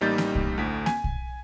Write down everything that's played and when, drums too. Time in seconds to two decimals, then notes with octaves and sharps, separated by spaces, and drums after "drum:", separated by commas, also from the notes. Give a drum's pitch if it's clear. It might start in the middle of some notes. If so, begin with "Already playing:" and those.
0.01 A1 G3 A#3 D#4 G6 A6
0.18 drum: snare A#3
0.35 drum: kick
0.58 D2 A2 B6
0.86 G#5, drum: snare A#3
1.04 drum: kick